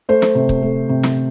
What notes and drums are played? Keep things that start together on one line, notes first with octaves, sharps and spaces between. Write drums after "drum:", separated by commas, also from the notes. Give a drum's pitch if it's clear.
A3 C5
drum: snare
C3
drum: kick
A3
C3
drum: snare